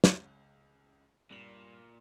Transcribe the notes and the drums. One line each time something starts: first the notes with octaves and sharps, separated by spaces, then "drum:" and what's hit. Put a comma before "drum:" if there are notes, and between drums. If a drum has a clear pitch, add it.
C#2, drum: snare
G2 A#2 F#7